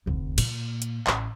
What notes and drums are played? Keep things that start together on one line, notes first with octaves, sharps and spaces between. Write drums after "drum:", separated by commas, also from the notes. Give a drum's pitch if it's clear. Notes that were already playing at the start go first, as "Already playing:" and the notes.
F1 D2
A#2, drum: cymbal
drum: hi-hat
A1, drum: clap